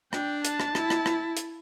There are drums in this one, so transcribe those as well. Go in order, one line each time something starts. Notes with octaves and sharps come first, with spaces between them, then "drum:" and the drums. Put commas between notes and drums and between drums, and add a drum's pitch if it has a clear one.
D4 G5, drum: rim click
A5, drum: hi-hat
drum: rim click
E4, drum: rim click
drum: rim click
drum: rim click
drum: hi-hat